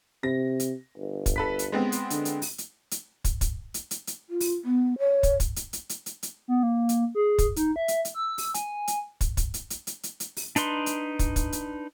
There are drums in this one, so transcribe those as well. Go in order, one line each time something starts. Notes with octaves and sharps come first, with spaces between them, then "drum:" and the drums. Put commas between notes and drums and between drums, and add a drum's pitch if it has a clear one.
C3 A#6
drum: hi-hat
G1
drum: kick, hi-hat
A4 B4 B6
drum: hi-hat
G#3 B3 C4
drum: hi-hat
D3, drum: hi-hat
drum: hi-hat
drum: open hi-hat
drum: hi-hat
drum: hi-hat
drum: kick, hi-hat
drum: kick, hi-hat
drum: hi-hat
drum: hi-hat
drum: hi-hat
F4
drum: open hi-hat
B3
C#5
drum: kick, hi-hat
drum: kick, hi-hat
drum: hi-hat
drum: hi-hat
drum: hi-hat
drum: hi-hat
drum: hi-hat
B3
A#3
drum: hi-hat
G#4
drum: kick, hi-hat
D#4, drum: hi-hat
E5
drum: hi-hat
drum: hi-hat
E6
drum: open hi-hat
G#5, drum: hi-hat
drum: hi-hat
drum: kick, hi-hat
drum: kick, hi-hat
drum: hi-hat
drum: hi-hat
drum: hi-hat
drum: hi-hat
drum: hi-hat
drum: open hi-hat
D4 D#4 B4 C6, drum: hi-hat
drum: hi-hat
drum: kick, hi-hat
drum: kick, hi-hat
drum: hi-hat